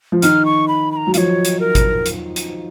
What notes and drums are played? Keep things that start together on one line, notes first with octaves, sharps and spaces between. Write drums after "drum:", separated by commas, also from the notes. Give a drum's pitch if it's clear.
F3
D#3 F6, drum: hi-hat
C#6
B5
B5
A#5
F#3
F3 C#5 F5, drum: hi-hat
drum: hi-hat
A#4
drum: kick G#1, hi-hat
drum: hi-hat
drum: hi-hat